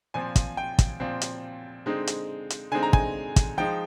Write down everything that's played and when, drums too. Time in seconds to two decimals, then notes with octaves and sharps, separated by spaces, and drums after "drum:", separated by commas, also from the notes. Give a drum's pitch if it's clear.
0.14 A#2 F3 C4 G#5
0.36 drum: kick, hi-hat
0.57 G5
0.79 drum: kick, hi-hat
1.00 A#2 F3 C4
1.21 drum: hi-hat
1.86 D3 G#3 C4 D#4
2.07 drum: hi-hat
2.50 drum: hi-hat
2.71 D3 G#3 C4 D#4 G#5
2.83 A#5
2.93 G#5, drum: kick
3.36 drum: kick, hi-hat
3.58 F3 G#3 D#4 G5